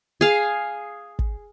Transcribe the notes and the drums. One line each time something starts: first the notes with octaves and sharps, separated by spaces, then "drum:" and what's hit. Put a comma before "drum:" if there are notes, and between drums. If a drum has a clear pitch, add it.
G#4 F5
drum: kick